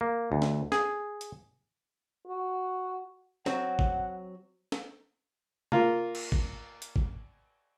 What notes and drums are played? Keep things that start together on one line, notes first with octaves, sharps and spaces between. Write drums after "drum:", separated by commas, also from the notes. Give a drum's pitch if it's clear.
A#3
D2
drum: snare
G#4, drum: snare
drum: hi-hat
F#4
F#3 C4 F#5, drum: snare
drum: kick
drum: snare
A#3 F4, drum: tom C3
drum: cymbal
drum: kick
drum: hi-hat
drum: kick